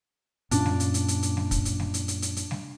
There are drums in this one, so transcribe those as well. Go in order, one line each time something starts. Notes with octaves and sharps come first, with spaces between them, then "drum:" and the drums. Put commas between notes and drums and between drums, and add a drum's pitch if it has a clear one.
F#2 A#2 C#4 D4, drum: hi-hat
drum: snare G3
drum: hi-hat
drum: hi-hat
drum: hi-hat
drum: hi-hat
drum: snare G3
drum: kick, hi-hat
drum: hi-hat
drum: snare G3
drum: hi-hat
drum: hi-hat
drum: hi-hat
drum: hi-hat
drum: snare G3